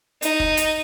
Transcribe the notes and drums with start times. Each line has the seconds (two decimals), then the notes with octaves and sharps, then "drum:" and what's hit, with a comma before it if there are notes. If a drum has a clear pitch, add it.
0.22 D#4, drum: hi-hat
0.40 drum: kick
0.57 drum: hi-hat